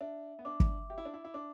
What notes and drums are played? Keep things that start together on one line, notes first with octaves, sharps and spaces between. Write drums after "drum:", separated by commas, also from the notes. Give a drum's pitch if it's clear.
D4 E5
B3
D4 D6
drum: kick
G4 E5
E4
D4
E4
E4
D4 D6